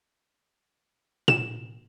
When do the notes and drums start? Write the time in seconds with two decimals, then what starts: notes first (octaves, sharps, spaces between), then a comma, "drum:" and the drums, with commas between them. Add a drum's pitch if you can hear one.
1.28 E7, drum: tom A#2